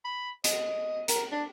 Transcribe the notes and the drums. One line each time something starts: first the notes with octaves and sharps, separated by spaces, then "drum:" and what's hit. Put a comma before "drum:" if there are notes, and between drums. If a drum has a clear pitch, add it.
B5
D#5, drum: hi-hat
A#4, drum: hi-hat
D4